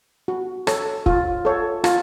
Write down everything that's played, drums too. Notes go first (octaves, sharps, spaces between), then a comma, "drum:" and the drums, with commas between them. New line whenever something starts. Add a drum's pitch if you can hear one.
F#4
A4 C#5, drum: rim click
F4, drum: kick
A4 C#5
F4, drum: rim click